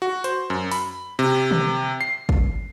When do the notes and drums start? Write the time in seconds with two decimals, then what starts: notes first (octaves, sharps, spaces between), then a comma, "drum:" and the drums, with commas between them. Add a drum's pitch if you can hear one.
0.02 F#4
0.24 C5, drum: hi-hat
0.50 F#2
0.71 B5, drum: open hi-hat
1.19 C3
1.51 drum: tom D3
2.01 C7
2.29 drum: kick